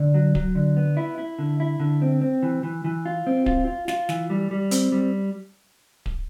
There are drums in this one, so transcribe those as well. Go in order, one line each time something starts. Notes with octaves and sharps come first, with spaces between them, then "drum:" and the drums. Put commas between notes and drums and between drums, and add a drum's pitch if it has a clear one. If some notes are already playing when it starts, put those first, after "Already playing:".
Already playing: D3
F#3
F#3, drum: kick D1
D3
B3
E4
E4
D3
E4
D3
C4
C4
E3
E3
E3
F4
C4
F4, drum: kick D1
F4
F4, drum: snare
E3, drum: snare
G3
G3
C4, drum: hi-hat
G3
drum: kick D1